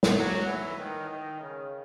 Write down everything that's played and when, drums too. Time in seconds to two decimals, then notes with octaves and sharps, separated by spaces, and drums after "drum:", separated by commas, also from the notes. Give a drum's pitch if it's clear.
0.03 drum: snare
0.16 F#3
0.47 E3
0.79 D#3
1.10 D#3
1.41 C#3